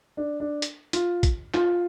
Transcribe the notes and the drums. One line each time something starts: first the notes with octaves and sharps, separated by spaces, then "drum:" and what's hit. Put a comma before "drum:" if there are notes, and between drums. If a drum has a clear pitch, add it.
D4
D4
drum: hi-hat
F4, drum: hi-hat
drum: kick, hi-hat
F4, drum: clap